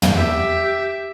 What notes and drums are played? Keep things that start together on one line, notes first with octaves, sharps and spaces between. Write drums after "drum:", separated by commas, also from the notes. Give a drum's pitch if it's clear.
drum: tom
G4 E5